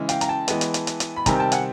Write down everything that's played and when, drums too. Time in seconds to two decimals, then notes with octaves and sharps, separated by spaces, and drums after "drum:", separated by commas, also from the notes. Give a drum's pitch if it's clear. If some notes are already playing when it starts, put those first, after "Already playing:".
Already playing: C#3 E3 G#3
0.09 F5 G5, drum: hi-hat
0.21 A#5, drum: hi-hat
0.29 G5 A5
0.48 E3 G#3 B3, drum: hi-hat
0.61 drum: hi-hat
0.74 drum: hi-hat
0.87 drum: hi-hat
1.00 drum: hi-hat
1.16 B5
1.26 C3 D#3 G3 C4 G#5 A#5, drum: kick, hi-hat
1.40 G5 A5
1.52 F#5 G#5, drum: hi-hat